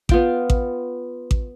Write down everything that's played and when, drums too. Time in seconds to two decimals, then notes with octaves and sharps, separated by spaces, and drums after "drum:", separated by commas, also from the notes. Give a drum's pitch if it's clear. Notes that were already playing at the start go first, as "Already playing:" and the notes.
0.09 B3 F4 G5, drum: kick A1
0.50 drum: kick A1
1.31 drum: kick A1